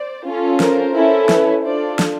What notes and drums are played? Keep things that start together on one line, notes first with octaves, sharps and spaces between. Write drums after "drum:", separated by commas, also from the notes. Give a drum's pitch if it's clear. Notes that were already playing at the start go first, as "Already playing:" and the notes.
Already playing: C5 D5
C#4 F4 A4
A#4 C5, drum: snare
C#4 E4 A4
B4 C#5, drum: snare
D4 F4 A4 C5 D5
drum: snare